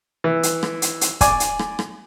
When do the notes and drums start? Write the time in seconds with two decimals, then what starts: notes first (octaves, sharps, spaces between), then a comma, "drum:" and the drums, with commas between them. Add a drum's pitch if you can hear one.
0.24 E3
0.43 drum: hi-hat
0.63 drum: rim click
0.82 drum: hi-hat
1.01 drum: hi-hat
1.21 D5 G#5 D6, drum: kick, hi-hat
1.40 drum: hi-hat
1.59 drum: rim click
1.79 drum: rim click